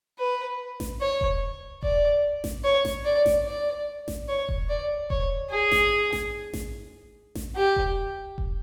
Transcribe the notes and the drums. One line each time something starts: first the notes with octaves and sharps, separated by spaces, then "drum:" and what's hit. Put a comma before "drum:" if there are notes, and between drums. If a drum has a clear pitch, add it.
B4
drum: snare A1
C#5
drum: kick E1
D5, drum: kick E1
drum: snare A1
C#5
drum: snare A1
D5
drum: snare A1
D5
drum: snare A1
C#5
drum: kick E1
D5
C#5, drum: kick E1
G#4
drum: snare A1
drum: snare A1
drum: snare A1
drum: snare A1
G4
drum: kick E1
drum: kick E1